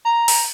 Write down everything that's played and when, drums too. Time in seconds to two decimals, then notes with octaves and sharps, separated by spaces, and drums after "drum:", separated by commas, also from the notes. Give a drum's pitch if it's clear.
0.05 A#5
0.28 drum: open hi-hat